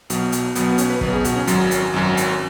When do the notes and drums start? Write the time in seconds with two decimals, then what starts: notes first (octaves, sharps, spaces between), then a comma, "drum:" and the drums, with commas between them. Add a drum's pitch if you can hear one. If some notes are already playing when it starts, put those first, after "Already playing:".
0.10 B1 B2 F#3, drum: hi-hat
0.32 drum: hi-hat
0.55 B1 B2 F#3 B3, drum: hi-hat
0.67 B3
0.78 C#4, drum: hi-hat
0.90 B4
1.01 B1 B2 F#3 B4, drum: kick
1.13 G#4
1.25 F#4, drum: hi-hat
1.36 C#4
1.47 G#1 F#2 F#3, drum: hi-hat
1.71 drum: hi-hat
1.94 G#1 F#2 F#3
2.17 drum: hi-hat